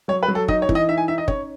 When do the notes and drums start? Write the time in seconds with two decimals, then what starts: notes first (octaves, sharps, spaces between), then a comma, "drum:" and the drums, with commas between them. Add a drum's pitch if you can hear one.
0.08 F#3 C#5
0.23 B4
0.28 F#3
0.35 A4
0.48 D#4 D#5, drum: kick
0.62 C#5
0.69 E3, drum: kick
0.75 D#5
0.88 D#4 E5
0.98 G#5
1.08 D#4 E5
1.18 D#5
1.28 C#4 C#5, drum: kick